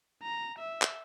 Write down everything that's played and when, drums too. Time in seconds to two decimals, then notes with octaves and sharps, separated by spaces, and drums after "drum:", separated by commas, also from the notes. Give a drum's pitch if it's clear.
0.23 A#5
0.59 E5
0.82 drum: clap